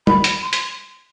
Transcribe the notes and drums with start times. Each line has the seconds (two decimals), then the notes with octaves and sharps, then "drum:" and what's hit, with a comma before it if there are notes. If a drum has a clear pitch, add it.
0.07 B5, drum: tom
0.24 drum: hi-hat
0.42 C6
0.53 drum: hi-hat